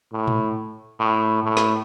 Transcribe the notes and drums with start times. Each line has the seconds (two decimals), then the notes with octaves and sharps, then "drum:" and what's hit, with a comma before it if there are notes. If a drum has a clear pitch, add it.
0.13 A2
0.28 drum: tom A2
0.99 A2
1.43 A2
1.57 drum: snare